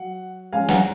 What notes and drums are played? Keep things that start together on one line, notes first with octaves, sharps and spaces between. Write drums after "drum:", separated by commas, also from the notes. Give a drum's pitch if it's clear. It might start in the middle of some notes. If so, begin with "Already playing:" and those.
Already playing: F#3 F#5
F3 G#3 C#4 F5 G#5
F#5 A#5, drum: snare